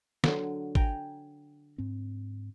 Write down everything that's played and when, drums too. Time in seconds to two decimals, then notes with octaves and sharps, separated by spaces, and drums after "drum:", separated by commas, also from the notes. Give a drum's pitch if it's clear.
0.24 D3 F#3 C6, drum: snare
0.75 G5 G#5 A#5, drum: kick
1.78 G#2 C4